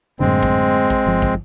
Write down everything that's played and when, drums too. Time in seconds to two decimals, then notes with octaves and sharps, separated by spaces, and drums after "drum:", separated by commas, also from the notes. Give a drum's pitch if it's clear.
0.20 F#2 A2 D3 G#3 C4
0.43 drum: kick
0.90 drum: kick
1.06 G1 F3
1.22 drum: kick